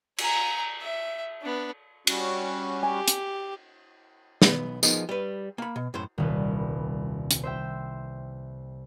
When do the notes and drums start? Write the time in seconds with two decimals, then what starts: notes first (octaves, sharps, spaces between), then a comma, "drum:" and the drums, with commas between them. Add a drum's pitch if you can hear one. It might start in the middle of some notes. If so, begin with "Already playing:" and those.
0.18 G#5 A#5, drum: cymbal
0.81 E5
1.42 B3 D4
2.07 G3 C#4 F#4, drum: cymbal
2.83 G4 G#5
3.08 drum: hi-hat
4.42 B1 B3, drum: snare
4.83 F3 B3 D#4 G#4 A#4, drum: tambourine
5.09 G3 B4
5.58 A#3 B5
5.76 B2
5.94 F#2 A2 C5
6.18 D#1 C2 B4
7.31 drum: hi-hat
7.43 C5 E5 G5